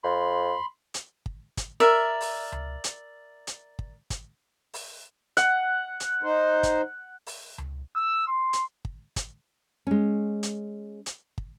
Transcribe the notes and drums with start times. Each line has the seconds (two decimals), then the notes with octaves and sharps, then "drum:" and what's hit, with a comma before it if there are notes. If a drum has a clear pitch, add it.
0.04 F2 B5 C6
0.94 drum: hi-hat
1.26 drum: kick
1.57 drum: kick, hi-hat
1.80 A#4 D5 E5
2.21 drum: open hi-hat
2.52 drum: tom C#2
2.84 drum: hi-hat
3.47 drum: hi-hat
3.79 drum: kick
4.10 drum: kick, hi-hat
4.74 drum: open hi-hat
5.37 F#5, drum: hi-hat
6.00 drum: hi-hat
6.23 D#4 C5
6.63 drum: kick, hi-hat
7.27 drum: open hi-hat
7.58 drum: tom C#2
7.96 E6
8.27 C6
8.53 drum: hi-hat
8.85 drum: kick
9.16 drum: kick, hi-hat
9.87 G#3 C#4
10.43 drum: hi-hat
11.06 drum: hi-hat
11.38 drum: kick